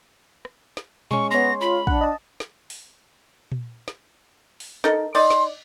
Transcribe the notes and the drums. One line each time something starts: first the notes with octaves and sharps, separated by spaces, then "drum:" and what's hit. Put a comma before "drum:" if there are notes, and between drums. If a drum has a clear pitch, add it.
drum: rim click
drum: snare
G#3 C#4 C#6, drum: tom A#2
B3 C#5 C6 A#6
F4 B5
D4 F#5, drum: kick
D#5 A5
drum: snare
drum: open hi-hat
drum: tom A#2
drum: snare
drum: open hi-hat
D#4 A4 A#4, drum: snare
D#4 D5 C6, drum: cymbal
drum: snare